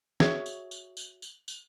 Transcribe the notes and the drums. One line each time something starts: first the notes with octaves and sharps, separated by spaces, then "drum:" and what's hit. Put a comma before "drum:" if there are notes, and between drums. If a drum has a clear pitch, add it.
F#4 G#4 C#5 E5, drum: snare
drum: tambourine
drum: tambourine
drum: tambourine
drum: tambourine
drum: tambourine